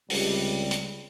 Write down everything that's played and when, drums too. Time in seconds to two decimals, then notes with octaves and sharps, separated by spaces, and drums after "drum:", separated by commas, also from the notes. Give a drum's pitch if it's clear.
0.10 C#2 C3 G3, drum: open hi-hat
0.71 drum: hi-hat